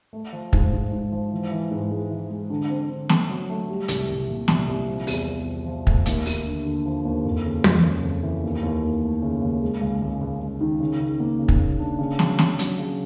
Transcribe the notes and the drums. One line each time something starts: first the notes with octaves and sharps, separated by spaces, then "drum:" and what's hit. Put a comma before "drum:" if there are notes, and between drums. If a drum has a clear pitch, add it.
A3
F3
G#2, drum: kick
G#2
G#2
F3
E3
E3
G#2
G#3
E3
G#3
D3
C4
D3
A3, drum: snare
F#3
A3
G3
C2, drum: hi-hat
C2
A#2
C2, drum: snare
C2
F3
E2, drum: open hi-hat
E2
F3
F3
A3, drum: kick
D#2, drum: hi-hat
D#2, drum: open hi-hat
D3
D3
F3
D#2
F2
C#3
F2, drum: tom
C#3
F2
E3
D#2
D#2
D#2
A3
C#3
D#2
G#3
C#2
C#2
C#2
C#2
D#3
C#3
C#3
A#3
C#3
drum: kick
A#3
D4
C#3
F#3, drum: snare
C#3, drum: snare
F#3, drum: hi-hat
C#3